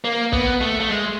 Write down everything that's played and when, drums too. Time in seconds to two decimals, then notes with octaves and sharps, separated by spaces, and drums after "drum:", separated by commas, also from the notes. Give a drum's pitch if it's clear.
0.04 A#3
0.33 B3, drum: kick
0.61 A3
0.80 A3
0.89 G#3